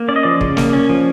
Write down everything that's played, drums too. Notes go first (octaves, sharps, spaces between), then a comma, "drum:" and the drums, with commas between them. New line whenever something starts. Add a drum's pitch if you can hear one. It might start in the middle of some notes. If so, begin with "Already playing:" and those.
Already playing: A#3
C#4 D5
D#5
F3 D5
C#3, drum: kick
A#3, drum: snare
C#4
F3